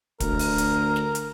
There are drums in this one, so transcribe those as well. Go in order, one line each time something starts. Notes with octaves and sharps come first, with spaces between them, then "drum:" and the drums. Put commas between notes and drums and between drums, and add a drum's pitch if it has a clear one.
D2 A#4, drum: kick, hi-hat
drum: open hi-hat
drum: hi-hat
drum: snare
drum: hi-hat